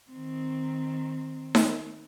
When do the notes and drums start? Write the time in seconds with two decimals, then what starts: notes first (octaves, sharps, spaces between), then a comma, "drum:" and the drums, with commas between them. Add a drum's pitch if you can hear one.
0.11 D#3 C4
1.55 drum: snare D#4